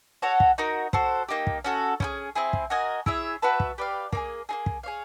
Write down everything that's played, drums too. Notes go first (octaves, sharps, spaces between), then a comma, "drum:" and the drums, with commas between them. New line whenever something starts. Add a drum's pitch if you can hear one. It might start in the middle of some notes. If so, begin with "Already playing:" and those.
F#4 A4 C#5 F#5
drum: kick
D#4 F#4 A#4
F#4 A4 C5, drum: kick
A#3 D#4 G4
drum: kick
C#4 F#4 A4
C#4 E4 G#4, drum: kick
C4 E4 G#4
drum: kick
F#4 A#4 D#5 G#5
E4 G#4 C#5 E5, drum: kick
F#4 B4 E5 A5
drum: kick
G4 B4 D5 F5
A#3 D#4 G#4, drum: kick
A#3 D#4 G#4
drum: kick
G#4 C#5 F5